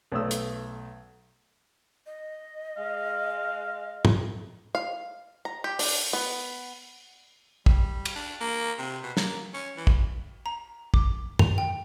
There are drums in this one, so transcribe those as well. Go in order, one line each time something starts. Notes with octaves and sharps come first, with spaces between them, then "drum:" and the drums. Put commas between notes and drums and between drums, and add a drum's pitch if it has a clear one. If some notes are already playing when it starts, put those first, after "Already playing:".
B1 A3 D#6 E6
drum: hi-hat
D#5
G#3 F5
drum: tom
F5
A#5
G4
D4, drum: open hi-hat
B3
G3, drum: kick
drum: cymbal
D4
A#3
C3
B2
A#3, drum: snare
C#4
E3
drum: kick
A#5
D6, drum: kick
F7, drum: tom F#2
G5